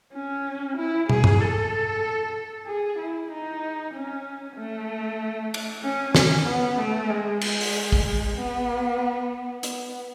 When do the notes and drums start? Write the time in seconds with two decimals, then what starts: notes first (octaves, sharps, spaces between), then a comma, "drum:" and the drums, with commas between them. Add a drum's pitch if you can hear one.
0.14 C#4
0.77 E4
1.09 G#4, drum: tom
1.24 drum: tom G2
1.41 A4
2.67 G#4
2.99 E4
3.31 D#4
3.93 C#4
4.57 A3
5.54 drum: cymbal
5.83 C#4
6.15 C#4, drum: snare
6.47 B3
6.79 A3
7.10 G#3
7.41 G#3, drum: cymbal
7.61 drum: open hi-hat
7.92 drum: kick
8.36 B3
9.63 B3, drum: hi-hat